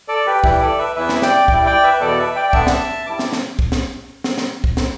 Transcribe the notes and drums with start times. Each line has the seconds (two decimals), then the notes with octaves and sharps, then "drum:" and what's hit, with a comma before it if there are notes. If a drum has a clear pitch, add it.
0.08 A4 D5
0.27 G4 B4
0.44 G2 E3 G3 E4 G4 B4, drum: kick
0.60 A4 D5
0.78 B4 E5
0.96 E2 E3 B3 E4 B4 E5
1.09 drum: snare
1.22 D5 G5, drum: snare
1.48 G2 G3 E4 D5 G5, drum: kick
1.66 D5 G5
1.83 B4 E5
1.93 B4
2.01 E2 B2 B3 A4 D5
2.18 B4 E5
2.36 D5 G5
2.49 G5
2.53 D3 B3 D4 E5 A5, drum: kick
2.67 drum: snare
3.06 G2 G3 E4 A5 D6
3.19 drum: snare
3.32 drum: snare
3.59 drum: kick
3.72 drum: snare
4.24 drum: snare
4.38 drum: snare
4.64 drum: kick
4.77 drum: snare